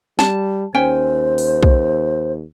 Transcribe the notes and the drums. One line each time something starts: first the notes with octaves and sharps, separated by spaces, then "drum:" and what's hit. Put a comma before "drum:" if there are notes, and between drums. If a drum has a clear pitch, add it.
G3 A5, drum: snare
D#2 C#4 C5 G5 G#5
drum: open hi-hat
drum: kick